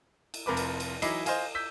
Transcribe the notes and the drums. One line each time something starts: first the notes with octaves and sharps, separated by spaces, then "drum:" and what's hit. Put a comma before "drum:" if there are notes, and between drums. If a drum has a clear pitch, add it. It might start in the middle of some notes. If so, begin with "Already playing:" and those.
drum: cymbal
F1 F2 A#4 B4 D6
drum: cymbal
drum: cymbal
E3 F#3 D#4 E4 D6 C7, drum: cymbal
C5 D#5 F5 G#5, drum: cymbal
E6 G6 B6